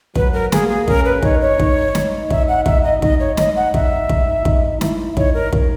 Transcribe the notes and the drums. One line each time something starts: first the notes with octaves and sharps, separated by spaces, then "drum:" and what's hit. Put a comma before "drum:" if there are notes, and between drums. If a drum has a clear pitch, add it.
F#3 B4, drum: kick
A#4
A#3 G#4, drum: snare
G#4
C#4 A#4, drum: kick
B4
D#4 C#5, drum: kick
C#5
D#4, drum: kick
drum: snare
E5, drum: kick
F#5
E5, drum: kick
D#5
D#4 D#5, drum: kick
C#5
D#5, drum: snare
F#5
E5, drum: kick
drum: kick
D#4, drum: kick
E4, drum: snare
D#4 C#5, drum: kick
A#4
drum: kick